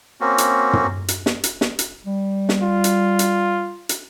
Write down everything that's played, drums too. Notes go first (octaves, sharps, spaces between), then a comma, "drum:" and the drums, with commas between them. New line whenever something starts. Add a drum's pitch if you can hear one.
A#3 C4 C#4 F#4
drum: hi-hat
drum: tom
drum: hi-hat
drum: snare
drum: hi-hat
drum: snare
drum: hi-hat
G3
drum: snare
F4
drum: hi-hat
drum: hi-hat
drum: hi-hat